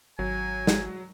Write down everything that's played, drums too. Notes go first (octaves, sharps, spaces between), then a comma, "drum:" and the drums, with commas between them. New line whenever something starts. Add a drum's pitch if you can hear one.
G#1 F#3 G#5
drum: snare